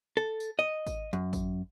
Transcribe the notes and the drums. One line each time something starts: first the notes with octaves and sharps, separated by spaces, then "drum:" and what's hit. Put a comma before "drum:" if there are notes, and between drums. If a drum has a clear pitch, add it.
A4
drum: tambourine
D#5
drum: kick G#1, tambourine
F#2
drum: kick G#1, tambourine